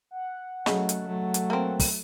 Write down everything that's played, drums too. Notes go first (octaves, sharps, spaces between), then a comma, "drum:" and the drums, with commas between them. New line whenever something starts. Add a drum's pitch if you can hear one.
F#5
C#3 F#3 A3 D#5, drum: snare
drum: hi-hat
F#3 A3
drum: hi-hat
A#3 C4
drum: kick, open hi-hat